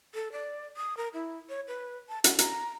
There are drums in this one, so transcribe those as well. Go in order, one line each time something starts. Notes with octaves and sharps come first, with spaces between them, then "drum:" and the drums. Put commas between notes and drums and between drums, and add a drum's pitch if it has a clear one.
A4
D5
D#6
A#4
E4
C#5
B4
A5
F#5, drum: hi-hat
A#5, drum: hi-hat